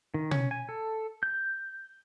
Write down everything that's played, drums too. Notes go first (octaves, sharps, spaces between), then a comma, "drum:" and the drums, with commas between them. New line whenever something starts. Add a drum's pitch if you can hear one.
D#3
C#4, drum: tom B2
G#5
A4
G6